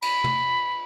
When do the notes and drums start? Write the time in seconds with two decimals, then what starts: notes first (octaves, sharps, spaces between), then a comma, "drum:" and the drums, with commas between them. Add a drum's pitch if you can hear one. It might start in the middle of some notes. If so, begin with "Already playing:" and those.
0.02 B5, drum: cymbal
0.24 drum: tom